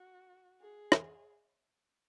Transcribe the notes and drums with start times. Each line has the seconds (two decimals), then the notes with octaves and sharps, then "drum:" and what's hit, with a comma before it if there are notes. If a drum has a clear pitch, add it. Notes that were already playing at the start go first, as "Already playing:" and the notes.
Already playing: F#4
0.61 G#4
0.92 drum: rim click